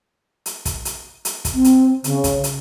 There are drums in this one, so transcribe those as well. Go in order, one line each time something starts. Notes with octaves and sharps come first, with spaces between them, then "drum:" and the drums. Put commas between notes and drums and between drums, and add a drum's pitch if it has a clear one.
drum: hi-hat
drum: kick, hi-hat
drum: hi-hat
drum: hi-hat
drum: kick, hi-hat
C4
drum: hi-hat
C#3, drum: hi-hat
drum: kick, hi-hat
drum: hi-hat